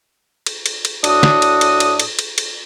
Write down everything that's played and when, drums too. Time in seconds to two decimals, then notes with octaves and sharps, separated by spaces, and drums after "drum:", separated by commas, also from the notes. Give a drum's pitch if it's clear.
0.46 drum: cymbal
0.66 drum: cymbal
0.85 drum: cymbal
1.04 A2 D4 F#4 D#6, drum: cymbal
1.23 drum: snare
1.42 drum: cymbal
1.61 drum: cymbal
1.80 drum: cymbal
1.99 drum: cymbal
2.19 drum: cymbal
2.38 drum: cymbal